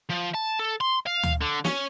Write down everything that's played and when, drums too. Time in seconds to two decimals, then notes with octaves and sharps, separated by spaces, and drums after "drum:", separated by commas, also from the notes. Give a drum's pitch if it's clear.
0.10 F3
0.35 A5
0.59 A4
0.81 C6
1.06 F5
1.23 drum: tom D2
1.41 D3
1.65 C#4, drum: snare